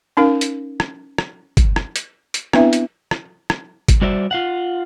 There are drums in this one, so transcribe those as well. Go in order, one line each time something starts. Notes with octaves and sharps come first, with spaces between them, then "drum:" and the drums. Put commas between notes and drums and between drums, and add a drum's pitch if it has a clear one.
C#4 D#4 A#4 F5
drum: hi-hat
drum: rim click
drum: rim click
drum: kick, hi-hat
drum: rim click
drum: hi-hat
drum: hi-hat
B3 C4 D4 E4 B4 E5, drum: rim click
drum: hi-hat
drum: rim click
drum: rim click
drum: kick, hi-hat
G3 F#4 C5 D5 E5
F4 F5 F#5